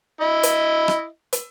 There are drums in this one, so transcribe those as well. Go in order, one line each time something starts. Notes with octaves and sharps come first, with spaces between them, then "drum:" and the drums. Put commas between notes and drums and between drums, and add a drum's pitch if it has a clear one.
E4 D#5
drum: hi-hat
drum: rim click
drum: hi-hat